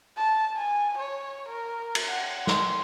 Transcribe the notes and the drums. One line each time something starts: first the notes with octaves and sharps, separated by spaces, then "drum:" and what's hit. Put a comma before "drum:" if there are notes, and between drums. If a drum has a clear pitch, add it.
A5
G#5
C#5
A#4
drum: cymbal
F#5
C6, drum: snare